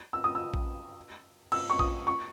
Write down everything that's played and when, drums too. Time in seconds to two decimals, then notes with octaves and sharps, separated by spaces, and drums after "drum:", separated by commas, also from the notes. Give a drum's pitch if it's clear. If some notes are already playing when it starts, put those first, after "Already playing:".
0.13 E6
0.24 D#6
0.35 E6
0.54 drum: kick A#1
1.52 E6, drum: cymbal
1.70 C#6
1.79 D#6, drum: kick A#1
2.07 C#6